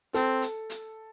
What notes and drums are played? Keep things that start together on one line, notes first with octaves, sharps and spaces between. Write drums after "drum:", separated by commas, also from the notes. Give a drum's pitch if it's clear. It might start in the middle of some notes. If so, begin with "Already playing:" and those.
C4 A4, drum: hi-hat
drum: hi-hat
drum: hi-hat